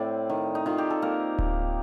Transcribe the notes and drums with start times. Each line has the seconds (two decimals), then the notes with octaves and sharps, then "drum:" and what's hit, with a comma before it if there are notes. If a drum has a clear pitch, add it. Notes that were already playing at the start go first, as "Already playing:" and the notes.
Already playing: A2 C4 D5
0.29 D#3
0.55 D#4
0.66 D#3 F4
0.78 G4
0.90 A4
1.02 A#3 A#4
1.39 drum: kick D1